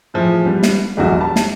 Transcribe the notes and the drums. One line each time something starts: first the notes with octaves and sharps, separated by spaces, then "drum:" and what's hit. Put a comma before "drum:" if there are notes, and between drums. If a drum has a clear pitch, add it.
A2 E3 F3 G#4
G3 B3
drum: snare
D#1 A#1 E2 F#4
G4 A5
drum: snare